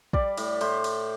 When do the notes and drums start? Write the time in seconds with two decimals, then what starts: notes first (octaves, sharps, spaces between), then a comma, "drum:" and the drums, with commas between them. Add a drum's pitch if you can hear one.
0.13 G3 D5, drum: kick
0.37 A2, drum: cymbal
0.61 A2 C5, drum: cymbal
0.84 drum: cymbal